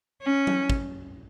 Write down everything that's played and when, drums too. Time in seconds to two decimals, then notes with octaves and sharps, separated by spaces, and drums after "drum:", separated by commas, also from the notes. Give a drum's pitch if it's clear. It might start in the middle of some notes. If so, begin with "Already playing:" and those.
0.22 C#4
0.47 drum: tom F#3
0.70 drum: kick